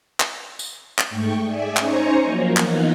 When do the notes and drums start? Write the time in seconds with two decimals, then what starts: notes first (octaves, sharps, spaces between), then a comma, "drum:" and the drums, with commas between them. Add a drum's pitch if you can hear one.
0.20 drum: clap
0.59 drum: tambourine
0.98 drum: clap
1.10 G#2 A3 G5 C#6
1.43 G#4 D5 E5 G#5
1.77 C#4 D#4 C5 G#5 A#5 C#6, drum: clap
2.23 F3 F#3 A#3
2.57 E3 A#3 B3 D#4 F4, drum: clap